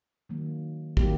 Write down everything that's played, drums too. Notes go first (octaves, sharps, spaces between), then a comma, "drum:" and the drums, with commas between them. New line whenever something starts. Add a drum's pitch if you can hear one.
D#3 F#3 A#3
D#3 F#3 A#3 G4, drum: kick